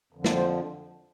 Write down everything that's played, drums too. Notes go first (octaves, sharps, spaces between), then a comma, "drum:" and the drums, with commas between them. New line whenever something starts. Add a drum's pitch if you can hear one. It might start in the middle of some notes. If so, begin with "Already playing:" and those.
F2 D3 F3
drum: snare
C5